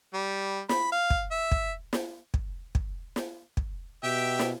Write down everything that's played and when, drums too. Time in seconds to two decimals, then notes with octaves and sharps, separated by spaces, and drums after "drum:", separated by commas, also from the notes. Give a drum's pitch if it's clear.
0.14 G3
0.69 B5, drum: snare
0.92 F5
1.10 drum: kick
1.31 E5
1.52 drum: kick
1.93 drum: snare
2.34 drum: kick
2.75 drum: kick
3.16 drum: snare
3.57 drum: kick
4.03 B2 G4 E5 G5
4.39 drum: snare